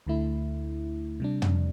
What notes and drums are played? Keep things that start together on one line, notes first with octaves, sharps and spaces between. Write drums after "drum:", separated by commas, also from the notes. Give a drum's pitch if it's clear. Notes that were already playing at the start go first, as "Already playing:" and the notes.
D2 D3 A3 E4
C3 G3 D4
drum: tom